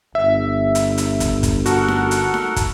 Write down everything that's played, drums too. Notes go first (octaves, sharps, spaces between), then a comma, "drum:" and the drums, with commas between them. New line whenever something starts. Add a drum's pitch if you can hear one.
G1 E5
drum: hi-hat
drum: hi-hat
drum: kick, hi-hat
drum: kick, hi-hat
F#4 A4 A#4 F#5, drum: hi-hat
drum: snare D#4
drum: hi-hat
drum: snare D#4
drum: kick, hi-hat